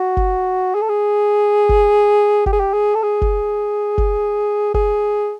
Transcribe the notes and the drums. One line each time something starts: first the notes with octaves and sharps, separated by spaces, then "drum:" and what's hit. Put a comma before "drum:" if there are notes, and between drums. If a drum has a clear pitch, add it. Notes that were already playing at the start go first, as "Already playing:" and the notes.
Already playing: F#4
drum: kick
G#4
A4
G#4
drum: kick
G4, drum: kick
G#4
G4
G#4
A4
G#4
drum: kick
drum: kick
G#4, drum: kick